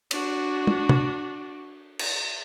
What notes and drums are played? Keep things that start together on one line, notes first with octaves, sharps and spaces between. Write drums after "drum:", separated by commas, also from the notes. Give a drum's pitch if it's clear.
D4 F#4, drum: cymbal
drum: tom
drum: tom
drum: cymbal